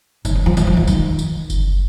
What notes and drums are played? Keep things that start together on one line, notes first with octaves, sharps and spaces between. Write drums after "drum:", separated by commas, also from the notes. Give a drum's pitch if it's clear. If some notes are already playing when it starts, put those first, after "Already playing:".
D#3, drum: kick F#1, tambourine
E3
F3
F3, drum: tambourine
F3
E3
D#3, drum: tambourine
drum: tambourine
drum: kick F#1, tambourine